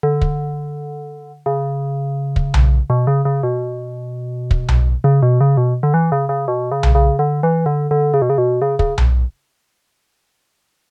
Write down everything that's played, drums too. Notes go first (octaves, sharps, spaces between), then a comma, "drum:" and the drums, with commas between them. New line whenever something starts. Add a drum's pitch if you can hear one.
D3
drum: kick
C#3
drum: kick
drum: tom B1
B2
C#3
C#3
B2
drum: kick
drum: tom B1
C#3
B2
C#3
B2
D3
E3
C#3
C#3
B2
C#3
drum: tom B1
C#3
D3
E3
D3
D3
C#3
B2
C#3
B2
C#3
C#3, drum: kick
drum: tom B1